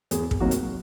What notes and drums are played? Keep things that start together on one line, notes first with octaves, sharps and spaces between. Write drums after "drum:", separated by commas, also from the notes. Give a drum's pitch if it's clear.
E2 G#4, drum: hi-hat
drum: kick
C3 D#3 F#3 A#3 F#4
drum: hi-hat